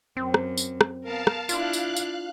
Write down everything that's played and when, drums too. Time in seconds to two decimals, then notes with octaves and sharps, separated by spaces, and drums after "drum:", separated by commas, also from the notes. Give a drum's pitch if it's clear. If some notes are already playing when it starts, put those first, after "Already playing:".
0.17 F#2 C4
0.34 drum: rim click
0.57 drum: tambourine
0.81 drum: rim click
1.04 B3 A#4 F5 A5
1.27 drum: rim click
1.49 D4 E4 F4 F5 F#6, drum: tambourine
1.73 drum: tambourine
1.97 drum: tambourine